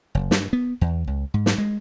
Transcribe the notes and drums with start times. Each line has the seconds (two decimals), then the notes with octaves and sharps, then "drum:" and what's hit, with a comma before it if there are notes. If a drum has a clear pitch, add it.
0.15 F#1
0.31 G2, drum: snare
0.53 B3
0.81 E2
1.07 C#2
1.34 G#2
1.46 drum: snare
1.58 G#3